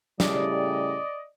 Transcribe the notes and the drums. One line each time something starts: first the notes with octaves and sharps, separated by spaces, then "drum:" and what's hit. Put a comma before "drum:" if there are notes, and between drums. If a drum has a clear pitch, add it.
A2 C#3 G3 D5 D#5, drum: snare